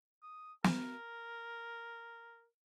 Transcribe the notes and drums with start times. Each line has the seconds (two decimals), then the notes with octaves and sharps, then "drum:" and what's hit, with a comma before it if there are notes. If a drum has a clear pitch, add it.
0.23 D#6
0.64 A#4, drum: snare